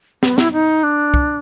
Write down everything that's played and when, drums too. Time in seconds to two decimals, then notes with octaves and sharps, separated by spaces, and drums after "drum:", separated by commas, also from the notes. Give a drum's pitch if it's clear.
0.23 B3, drum: snare
0.38 E4, drum: snare
0.53 D#4
0.83 D4
1.14 drum: kick